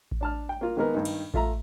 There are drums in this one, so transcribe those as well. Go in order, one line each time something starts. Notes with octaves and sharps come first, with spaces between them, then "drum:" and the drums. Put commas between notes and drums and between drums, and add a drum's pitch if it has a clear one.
drum: kick A1
D4 A5 F6
G5
A#3 F4
D#3 G#3 A#3 B3 A#4 B4
G2 D#3 D#4
drum: cymbal
A3 F4 E5 A#5, drum: kick A1